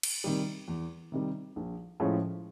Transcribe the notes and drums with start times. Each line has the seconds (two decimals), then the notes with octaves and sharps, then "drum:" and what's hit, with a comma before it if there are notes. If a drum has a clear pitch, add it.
0.03 drum: cymbal
0.24 C3 D#3 G3
0.68 E2
1.12 C3 D#3 G3
1.56 A#1
2.00 A2 F3 G#3 C#4